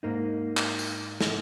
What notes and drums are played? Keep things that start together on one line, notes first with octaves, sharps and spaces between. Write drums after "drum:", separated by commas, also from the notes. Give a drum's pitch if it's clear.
G#2 A#3 D#4
drum: clap
drum: tambourine
drum: snare